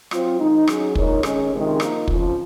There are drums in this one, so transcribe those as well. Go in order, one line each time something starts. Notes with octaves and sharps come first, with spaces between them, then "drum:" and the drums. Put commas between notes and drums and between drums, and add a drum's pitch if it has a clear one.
F#3 C4 F4 C5, drum: rim click
D#3 G#3 D#4
F#3 C#4 G#4, drum: rim click
A#2 G#3 D#4 A#4 C#5, drum: kick
D#3 G#3 C#4 G#4, drum: rim click
F2 C3 D#3 G#3
F3 A#3 D#4, drum: rim click
F2 C#3 F3, drum: kick